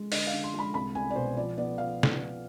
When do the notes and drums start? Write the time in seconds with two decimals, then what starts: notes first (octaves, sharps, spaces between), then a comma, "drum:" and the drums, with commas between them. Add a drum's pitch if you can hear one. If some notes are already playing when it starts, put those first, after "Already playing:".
Already playing: G#3
0.12 D3 D#5, drum: open hi-hat
0.27 F5
0.33 D3
0.44 C6
0.54 G#3 B5
0.74 C2 B5
0.95 C2 G#5
1.10 D5
1.16 B2 C5
1.37 F3 D5
1.58 B3 D5
1.78 F3 F5
2.03 drum: snare